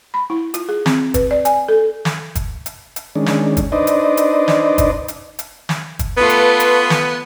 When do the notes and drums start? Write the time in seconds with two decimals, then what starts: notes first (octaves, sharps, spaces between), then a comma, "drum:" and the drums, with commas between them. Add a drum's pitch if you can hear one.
0.14 B5
0.30 E4
0.54 F4, drum: hi-hat
0.69 G#4
0.86 C4, drum: snare
1.14 B4, drum: kick, hi-hat
1.31 D5
1.45 G#5, drum: hi-hat
1.68 A4
2.05 drum: snare
2.35 drum: kick, hi-hat
2.66 drum: hi-hat
2.96 drum: hi-hat
3.15 D#3 G#3 C#4 D4
3.26 drum: snare
3.57 drum: kick, hi-hat
3.72 D4 D#4 B4 C5 D5 D#5
3.87 drum: hi-hat
4.17 drum: hi-hat
4.48 drum: snare
4.78 drum: kick, hi-hat
5.08 drum: hi-hat
5.39 drum: hi-hat
5.69 drum: snare
5.99 drum: kick, hi-hat
6.17 A3 B3 F4 B4
6.30 drum: hi-hat
6.60 drum: hi-hat
6.90 drum: snare